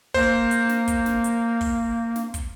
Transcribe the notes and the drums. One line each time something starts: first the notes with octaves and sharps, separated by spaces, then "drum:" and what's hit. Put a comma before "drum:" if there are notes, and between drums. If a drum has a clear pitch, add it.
A#3 C5, drum: kick, open hi-hat
drum: hi-hat
drum: snare
drum: kick, hi-hat
drum: snare
drum: hi-hat
drum: kick, open hi-hat
drum: snare
drum: kick, hi-hat